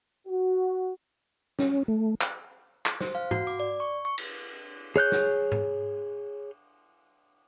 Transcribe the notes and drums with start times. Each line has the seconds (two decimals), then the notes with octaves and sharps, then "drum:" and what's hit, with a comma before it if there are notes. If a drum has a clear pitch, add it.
0.28 F#4
1.59 C#4, drum: snare
1.88 A3
2.21 drum: clap
2.86 drum: clap
3.01 C5, drum: snare
3.15 F5
3.31 F#4, drum: tom G#2
3.47 D6, drum: tambourine
3.60 D5
3.80 C#6
4.05 C#6
4.18 drum: cymbal
4.96 G#4 C#5 F#6 G6
5.12 drum: snare
5.52 drum: tom G#2